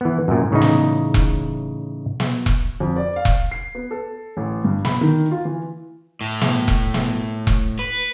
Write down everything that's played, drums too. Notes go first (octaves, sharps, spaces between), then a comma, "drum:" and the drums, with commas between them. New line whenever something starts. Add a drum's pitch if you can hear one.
E3 B3
F#2 A#2
A2 C#3 E3 D#4
drum: snare
drum: kick E1
drum: snare
drum: kick E1
F2
D5
F5
drum: kick E1
C7
B3
A4
A1
G2
B5, drum: snare
D#3
F4
E3
A2
drum: snare
drum: kick E1
drum: snare
drum: kick E1
B4